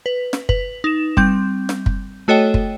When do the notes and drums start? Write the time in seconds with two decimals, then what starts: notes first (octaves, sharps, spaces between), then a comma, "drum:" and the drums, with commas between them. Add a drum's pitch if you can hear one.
0.06 B4
0.33 drum: snare
0.49 B4, drum: kick
0.84 D#4 E7
1.17 G3 C4 G6, drum: kick
1.69 drum: snare
1.86 drum: kick
2.28 A3 F#4 A4 C#5 D#5 G5
2.54 drum: kick